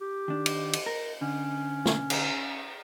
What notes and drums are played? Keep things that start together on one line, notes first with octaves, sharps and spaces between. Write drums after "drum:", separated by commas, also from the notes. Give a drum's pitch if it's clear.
G4
D#3 D4
drum: cymbal
drum: cymbal
A#4
D3 C#4
drum: snare
drum: cymbal